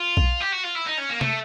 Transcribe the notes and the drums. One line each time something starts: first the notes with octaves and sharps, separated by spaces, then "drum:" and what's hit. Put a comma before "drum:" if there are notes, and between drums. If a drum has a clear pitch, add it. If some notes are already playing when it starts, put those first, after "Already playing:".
Already playing: F4
drum: kick B1
G4
F#4
F4
E4
D#4
C#4
A#3
A3, drum: tom C3